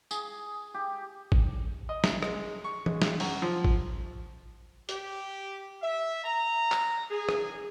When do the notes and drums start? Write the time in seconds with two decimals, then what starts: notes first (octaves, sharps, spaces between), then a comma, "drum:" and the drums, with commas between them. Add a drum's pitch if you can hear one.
0.11 G#4, drum: tambourine
0.74 G4
1.32 drum: kick G#1
1.89 D#5
2.04 drum: snare
2.23 G#3, drum: rim click
2.64 C#6
2.86 G#3, drum: tom
3.02 drum: snare
3.20 F#2, drum: open hi-hat
3.42 F3
3.64 drum: kick G#1
4.89 G4, drum: hi-hat
5.83 E5
6.24 A#5
6.72 drum: clap
7.10 G#4
7.29 drum: rim click